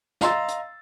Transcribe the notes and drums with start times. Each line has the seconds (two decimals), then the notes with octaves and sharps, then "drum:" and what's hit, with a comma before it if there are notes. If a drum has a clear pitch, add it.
0.21 D#5 F5 A#5 C6 E6 A6, drum: snare
0.48 drum: hi-hat